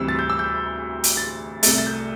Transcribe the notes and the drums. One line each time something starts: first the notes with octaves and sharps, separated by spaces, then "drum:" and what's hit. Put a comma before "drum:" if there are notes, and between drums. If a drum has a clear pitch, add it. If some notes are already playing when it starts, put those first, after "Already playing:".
Already playing: D2 C3 E3 G3 C4 E6
A6
G6
E6
G6
drum: hi-hat
A6
C2 C3 A3 A6, drum: hi-hat
A6
G6